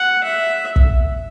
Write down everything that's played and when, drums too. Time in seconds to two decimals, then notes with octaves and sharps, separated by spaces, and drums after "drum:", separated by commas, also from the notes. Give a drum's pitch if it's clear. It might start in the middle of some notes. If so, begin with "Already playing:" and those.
Already playing: F#5
0.24 E5
0.76 drum: kick